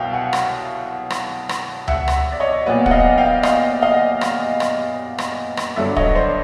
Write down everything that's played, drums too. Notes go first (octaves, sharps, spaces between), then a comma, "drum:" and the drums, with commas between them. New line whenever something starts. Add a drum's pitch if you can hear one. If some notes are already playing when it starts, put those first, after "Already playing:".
Already playing: C2 B2 F#3 E5 F5 G5
F#5 G#5
drum: rim click
drum: rim click
drum: rim click
E5 F#5, drum: tom C#2
drum: rim click
D5
C#5 D#5
A#2 F#3 B3
F#5, drum: kick
D#5 F5
F5 G5
D#5 F5, drum: rim click
D#5 F5
drum: rim click
drum: rim click
drum: rim click
drum: rim click
G2 D3 F#3 D5 E5
C#5 D#5, drum: kick
C5 D5